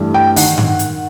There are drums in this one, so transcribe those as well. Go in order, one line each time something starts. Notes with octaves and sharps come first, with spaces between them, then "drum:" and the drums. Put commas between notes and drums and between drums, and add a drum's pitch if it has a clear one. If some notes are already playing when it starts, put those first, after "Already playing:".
Already playing: G2 E3 A3 D4
G5
D#3 F#5, drum: open hi-hat
drum: tom G2
drum: hi-hat